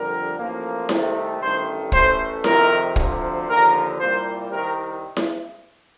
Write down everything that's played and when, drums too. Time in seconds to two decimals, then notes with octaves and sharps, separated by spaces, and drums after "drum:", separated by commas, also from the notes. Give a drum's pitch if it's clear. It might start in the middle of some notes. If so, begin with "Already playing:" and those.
Already playing: F2 D3 G3 A#4
0.37 A1 A2 F3 A#3
0.89 C2 C3 D#3 A3, drum: snare E4
1.40 A1 G2 D#3 A3 C5
1.92 A1 A2 A3 C5, drum: kick
2.44 F2 C3 D#3 A#4, drum: snare E4
2.96 D2 C3 F3, drum: kick
3.48 D#2 D3 F3 A#4
4.00 C2 A#2 G3 A#3 C5
4.51 C2 C3 D#3 A#4
5.17 drum: snare E4